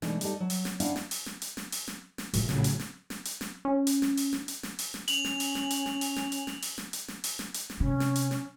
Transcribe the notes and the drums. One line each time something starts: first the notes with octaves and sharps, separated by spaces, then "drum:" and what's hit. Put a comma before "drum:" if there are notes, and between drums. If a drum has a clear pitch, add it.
B2 E3 G#3 A3 D4 D#4, drum: snare
G3 D#4 G4 A4 D#5, drum: hi-hat
F#3
drum: open hi-hat
drum: snare
B3 C#4 D4 E4 F5 F#5, drum: hi-hat
drum: snare
drum: open hi-hat
drum: snare
drum: hi-hat
drum: snare
drum: open hi-hat
drum: snare
drum: snare
A#1 A2 C#3 F#3, drum: open hi-hat
drum: snare
drum: hi-hat
drum: snare
drum: snare
drum: hi-hat
drum: snare
C#4
drum: hi-hat
drum: snare
drum: open hi-hat
drum: snare
drum: hi-hat
drum: snare
drum: open hi-hat
drum: snare
C#4 F7 F#7, drum: hi-hat
drum: snare
drum: open hi-hat
drum: snare
drum: hi-hat
drum: snare
drum: open hi-hat
drum: snare
drum: hi-hat
drum: snare
drum: open hi-hat
drum: snare
drum: hi-hat
drum: snare
drum: open hi-hat
drum: snare
drum: hi-hat
drum: snare
C3 C#4
drum: snare
drum: hi-hat
drum: snare